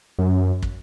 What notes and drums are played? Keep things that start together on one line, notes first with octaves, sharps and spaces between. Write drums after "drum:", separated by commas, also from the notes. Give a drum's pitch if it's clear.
F#2
drum: kick